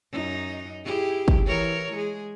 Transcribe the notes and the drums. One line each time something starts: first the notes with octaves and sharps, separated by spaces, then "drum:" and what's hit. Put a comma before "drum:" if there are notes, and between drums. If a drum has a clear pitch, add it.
F#2 D#4
E4 G4 G#4
drum: kick
E3 A#4 C#5
G#3 G#4